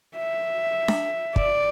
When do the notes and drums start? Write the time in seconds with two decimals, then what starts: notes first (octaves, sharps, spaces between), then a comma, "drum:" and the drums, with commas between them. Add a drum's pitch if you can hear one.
0.16 E5
0.88 drum: snare D4
1.36 D5, drum: kick